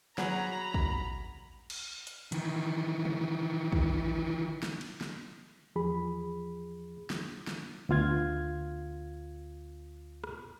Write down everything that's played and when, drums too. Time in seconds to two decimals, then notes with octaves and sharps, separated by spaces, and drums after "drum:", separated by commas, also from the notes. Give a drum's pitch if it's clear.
0.18 F#3 G#4 F#5 A#5 B5, drum: snare
0.74 drum: kick
1.70 drum: cymbal
2.07 drum: hi-hat
2.32 D#3 E3, drum: hi-hat
3.05 drum: tom
3.72 drum: kick
4.63 drum: snare
4.81 drum: cymbal
5.01 drum: snare
5.76 E2 F3 G#4 B5
7.10 drum: snare
7.47 drum: snare
7.89 D2 B3 F4 F5 G#6
10.24 drum: rim click